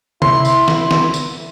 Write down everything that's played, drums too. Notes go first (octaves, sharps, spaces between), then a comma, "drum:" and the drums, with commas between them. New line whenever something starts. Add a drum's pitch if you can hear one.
E4 C6, drum: tom C3
drum: tambourine
drum: snare
drum: snare
drum: tambourine